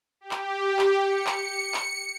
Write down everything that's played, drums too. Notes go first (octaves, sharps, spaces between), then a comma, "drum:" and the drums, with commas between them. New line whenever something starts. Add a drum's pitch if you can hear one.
G4
drum: clap
drum: clap
C#7
drum: clap
drum: clap